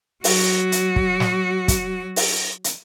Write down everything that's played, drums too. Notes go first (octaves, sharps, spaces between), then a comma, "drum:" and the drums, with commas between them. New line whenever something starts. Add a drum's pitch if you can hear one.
F#3 F#4, drum: open hi-hat
drum: hi-hat
drum: kick
drum: snare
drum: kick, hi-hat
drum: open hi-hat
drum: hi-hat